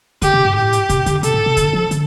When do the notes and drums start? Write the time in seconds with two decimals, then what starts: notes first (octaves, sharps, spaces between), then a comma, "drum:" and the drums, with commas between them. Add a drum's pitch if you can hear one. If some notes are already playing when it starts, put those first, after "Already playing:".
0.22 D3 G4, drum: kick, hi-hat
0.34 C3
0.45 G2
0.55 A2 G4
0.73 drum: hi-hat
0.89 C3, drum: kick, hi-hat
1.06 D3, drum: kick, hi-hat
1.23 C3 A4, drum: hi-hat
1.34 A2
1.46 C3
1.57 D3, drum: kick, hi-hat
1.73 F3
1.91 D3, drum: hi-hat